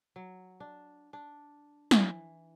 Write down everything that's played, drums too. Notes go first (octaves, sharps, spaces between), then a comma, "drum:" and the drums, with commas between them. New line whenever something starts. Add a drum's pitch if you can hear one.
F#3
D4
D4
E3, drum: snare